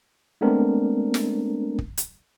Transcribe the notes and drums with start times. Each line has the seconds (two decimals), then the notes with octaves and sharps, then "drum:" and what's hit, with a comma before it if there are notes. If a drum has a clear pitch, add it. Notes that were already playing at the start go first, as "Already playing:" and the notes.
0.41 G#3 A3 B3 C4 D4 A#4
1.14 drum: snare
1.79 drum: kick
1.97 drum: hi-hat